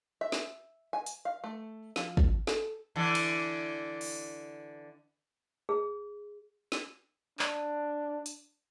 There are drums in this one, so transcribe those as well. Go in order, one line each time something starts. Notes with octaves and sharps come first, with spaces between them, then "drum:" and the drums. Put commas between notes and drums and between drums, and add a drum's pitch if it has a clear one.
E5
drum: snare
G#5
drum: hi-hat
F5
A3
F3, drum: snare
drum: kick
A4, drum: snare
D3 E3
drum: cymbal
drum: open hi-hat
G#4
drum: snare
D4, drum: clap
drum: hi-hat